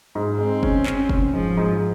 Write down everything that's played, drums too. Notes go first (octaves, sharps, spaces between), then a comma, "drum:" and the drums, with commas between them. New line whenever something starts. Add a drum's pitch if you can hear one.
G#2
G#3 C4
C#4, drum: kick
C#4, drum: clap
C#4, drum: kick
G#2 F3
G#2